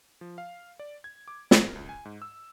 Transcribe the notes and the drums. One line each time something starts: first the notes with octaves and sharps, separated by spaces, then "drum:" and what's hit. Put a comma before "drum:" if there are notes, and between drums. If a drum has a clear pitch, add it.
F3
F5
D5
G#6
D6
A#4, drum: snare
C#2
G#5
G#2
E6